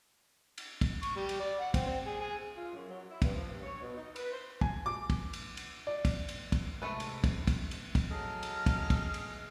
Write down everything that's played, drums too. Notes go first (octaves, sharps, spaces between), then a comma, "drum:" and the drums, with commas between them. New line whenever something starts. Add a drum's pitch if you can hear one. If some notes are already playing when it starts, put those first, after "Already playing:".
drum: cymbal
drum: kick, cymbal
C#6, drum: cymbal
G3
drum: cymbal
D5
F#5
C4, drum: kick, cymbal
C4
G#4
G#4
F4
F#2
F#3
E4
G2, drum: kick, cymbal
F3
G2
C#5
B2
D#4
B4, drum: cymbal
C5
G#5, drum: kick
D6
drum: kick, cymbal
drum: cymbal
drum: cymbal
D5
drum: kick, cymbal
drum: cymbal
drum: kick, cymbal
G#2 C3 A3 A4 B4
drum: cymbal
drum: kick, cymbal
drum: kick, cymbal
drum: cymbal
drum: kick, cymbal
F#3 G#4 A4 D#5 F6
drum: cymbal
drum: kick, cymbal
drum: kick, cymbal
drum: cymbal